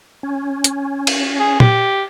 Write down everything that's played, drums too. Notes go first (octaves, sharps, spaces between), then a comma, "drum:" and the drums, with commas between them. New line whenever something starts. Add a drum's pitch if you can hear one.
C#4
drum: hi-hat
drum: cymbal
G#4
G4, drum: tom